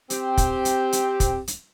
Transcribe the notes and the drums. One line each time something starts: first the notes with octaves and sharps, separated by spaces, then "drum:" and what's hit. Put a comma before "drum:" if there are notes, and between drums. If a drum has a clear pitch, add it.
C4 G4, drum: hi-hat
drum: kick, hi-hat
drum: hi-hat
drum: hi-hat
drum: kick, hi-hat
drum: hi-hat